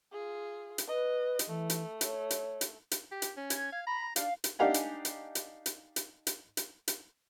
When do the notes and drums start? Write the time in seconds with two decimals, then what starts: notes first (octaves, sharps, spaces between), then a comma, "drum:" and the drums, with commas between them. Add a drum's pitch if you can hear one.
0.13 F4 G#4
0.78 drum: hi-hat
0.88 B4 D#5
1.39 drum: hi-hat
1.48 E3 A3
1.70 drum: hi-hat
2.01 C#5, drum: hi-hat
2.31 drum: hi-hat
2.61 drum: hi-hat
2.91 drum: hi-hat
3.12 G4
3.22 drum: hi-hat
3.37 C#4
3.50 G#6, drum: hi-hat
3.72 F5
3.87 A#5 B5
4.16 D4 F5, drum: hi-hat
4.44 drum: hi-hat
4.59 D4 D#4 G4 F5 F#5 G#5
4.74 drum: hi-hat
5.05 drum: hi-hat
5.35 drum: hi-hat
5.66 drum: hi-hat
5.96 drum: hi-hat
6.27 drum: hi-hat
6.57 drum: hi-hat
6.88 drum: hi-hat